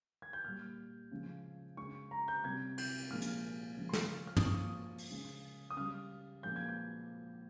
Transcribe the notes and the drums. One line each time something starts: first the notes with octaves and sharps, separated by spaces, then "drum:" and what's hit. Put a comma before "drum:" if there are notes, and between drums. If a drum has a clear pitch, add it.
G#6
G6
A#2 G3 F6
C#3 F3 G#3
C#3 G#3 C#6
A#5
G6
C3 G3 G#6
G6, drum: cymbal
A#2 F3 G#3 F6
drum: hi-hat
C#3 F3 G#3
C6
C#6, drum: snare
F6
D#6, drum: tom
A#2 F3 G#3 C#6
D#6
drum: open hi-hat
C#3 G#3
D#6
C#3 G3 F6
A#2 F3 G#3 G6
G#6
G6